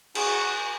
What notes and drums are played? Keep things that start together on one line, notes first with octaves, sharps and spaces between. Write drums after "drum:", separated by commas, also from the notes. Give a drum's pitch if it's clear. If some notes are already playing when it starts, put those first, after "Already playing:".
F#4 G#4, drum: cymbal